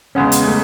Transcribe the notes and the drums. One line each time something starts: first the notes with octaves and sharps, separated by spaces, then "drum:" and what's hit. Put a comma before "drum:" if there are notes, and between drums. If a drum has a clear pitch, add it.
E2 C#3 G#3 B3 C#4
drum: hi-hat
A3